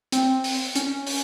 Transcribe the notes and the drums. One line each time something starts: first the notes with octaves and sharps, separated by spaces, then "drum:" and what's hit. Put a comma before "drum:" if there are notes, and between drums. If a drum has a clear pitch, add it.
C4, drum: hi-hat
drum: open hi-hat
C#4, drum: hi-hat
drum: open hi-hat